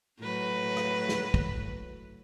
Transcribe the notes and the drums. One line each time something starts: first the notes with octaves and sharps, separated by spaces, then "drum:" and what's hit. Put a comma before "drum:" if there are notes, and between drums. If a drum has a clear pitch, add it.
A2 F#3 B4
drum: rim click
drum: snare
drum: kick